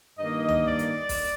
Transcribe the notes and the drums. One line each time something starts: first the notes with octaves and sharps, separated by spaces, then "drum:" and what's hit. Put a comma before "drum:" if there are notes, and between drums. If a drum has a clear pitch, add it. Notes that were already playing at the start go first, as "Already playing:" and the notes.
G2 D#3 A#3 D#5
drum: tom C#2
D5
drum: hi-hat
drum: kick, open hi-hat